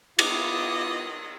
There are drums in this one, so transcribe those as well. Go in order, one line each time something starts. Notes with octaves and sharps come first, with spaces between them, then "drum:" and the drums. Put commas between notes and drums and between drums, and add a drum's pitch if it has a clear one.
B3 E4 F4 D#5 D6, drum: cymbal